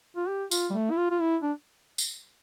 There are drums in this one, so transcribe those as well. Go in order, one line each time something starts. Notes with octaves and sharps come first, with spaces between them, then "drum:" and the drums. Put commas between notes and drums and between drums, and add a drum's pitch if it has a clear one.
F4
G4
F4, drum: tambourine
G3
A3
E4
F4
F4
E4
D4
drum: tambourine